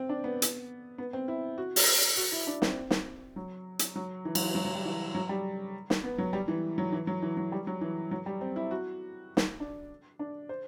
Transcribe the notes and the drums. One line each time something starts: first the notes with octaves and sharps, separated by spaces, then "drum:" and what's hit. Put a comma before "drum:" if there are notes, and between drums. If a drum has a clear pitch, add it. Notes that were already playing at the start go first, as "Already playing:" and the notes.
Already playing: C4
D4
B3
drum: hi-hat
B3
C4
E4
F#4
drum: open hi-hat
F#4
E4
D4
C4, drum: snare
drum: snare
F#3
drum: hi-hat
F#3
E3
F#3, drum: cymbal
E3
F#3
F#3
G3
E3
F#3
G3
drum: snare
B3
F#3
G3
E3
F#3
E3
F#3
E3
F#3
G3
F#3
E3
F#3
G3
C4
E4
F#4
drum: snare
D4
D4
C5